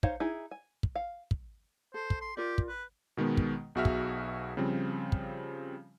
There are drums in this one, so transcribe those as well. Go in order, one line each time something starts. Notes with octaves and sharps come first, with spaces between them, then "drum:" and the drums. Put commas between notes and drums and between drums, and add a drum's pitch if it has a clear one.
D#4 C5 C#5 F5, drum: kick
D#4 E4 G#4
G#5
drum: kick
F5
drum: kick
A4 C5
drum: kick
C6
F4 G4 A#4 D5
drum: kick
B4
B2 D#3 G#3 B3
drum: kick
B1 B2 F#4 G#4 E5 F6
drum: kick
C#3 F3 G3 C4
drum: kick